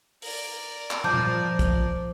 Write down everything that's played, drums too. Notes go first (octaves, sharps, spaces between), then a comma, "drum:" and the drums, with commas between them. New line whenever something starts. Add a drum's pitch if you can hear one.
A#4 D5, drum: open hi-hat
drum: clap
F3 A5 D6 G6
drum: tom A#2
drum: kick, hi-hat